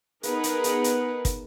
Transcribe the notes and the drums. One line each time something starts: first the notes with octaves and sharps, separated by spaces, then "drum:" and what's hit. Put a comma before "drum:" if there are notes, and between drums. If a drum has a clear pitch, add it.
B3 D#4 G#4 A#4 B4 F#5, drum: hi-hat
drum: hi-hat
drum: hi-hat
drum: hi-hat
drum: kick, hi-hat